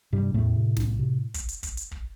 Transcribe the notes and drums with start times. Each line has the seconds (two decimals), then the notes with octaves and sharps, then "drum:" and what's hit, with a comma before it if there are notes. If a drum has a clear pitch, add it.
0.13 G2 C3 G3
0.34 E2 A2 A3
0.56 C3
0.77 C2, drum: snare
0.99 C3
1.34 drum: kick, hi-hat
1.49 drum: hi-hat
1.63 drum: kick, hi-hat
1.77 drum: hi-hat
1.91 drum: kick